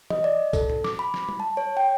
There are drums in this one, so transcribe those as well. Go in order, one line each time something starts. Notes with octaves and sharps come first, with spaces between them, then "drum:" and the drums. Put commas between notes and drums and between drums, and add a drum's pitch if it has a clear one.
D#5, drum: tom
D5
A4, drum: kick C2, tambourine
drum: tom
D6, drum: snare
B5
drum: snare
drum: tom G3
A5
C#5
G5